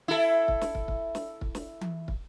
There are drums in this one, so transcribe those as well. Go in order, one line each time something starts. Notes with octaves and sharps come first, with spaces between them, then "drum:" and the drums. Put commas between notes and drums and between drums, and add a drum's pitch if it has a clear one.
E4 A4
drum: kick
drum: snare
drum: kick
drum: kick
drum: snare
drum: kick
drum: snare
drum: tom E3
drum: kick